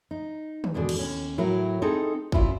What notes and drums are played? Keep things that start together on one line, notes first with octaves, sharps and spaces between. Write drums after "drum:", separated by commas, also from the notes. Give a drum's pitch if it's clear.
D#4
drum: tom D#3
E2 G#2 B2 D3
drum: cymbal
D#2 C#4
A2 F#3 E4 A#4
C4 D#4 G#4 A4
F#2 A#2 E4 F4, drum: kick